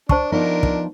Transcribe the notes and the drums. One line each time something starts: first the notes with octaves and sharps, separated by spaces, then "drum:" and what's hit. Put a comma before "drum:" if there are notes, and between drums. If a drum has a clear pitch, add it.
D4 C5 A5 C#6, drum: kick
F3 B3 D4 D#4 A#4
drum: kick